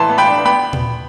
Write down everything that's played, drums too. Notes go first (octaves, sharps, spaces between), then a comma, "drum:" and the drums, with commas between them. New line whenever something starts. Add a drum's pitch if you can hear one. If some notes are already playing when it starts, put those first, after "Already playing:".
Already playing: A2 E3 A5 C6
B3
G5 B5
D4
B3 G5 B5
drum: tom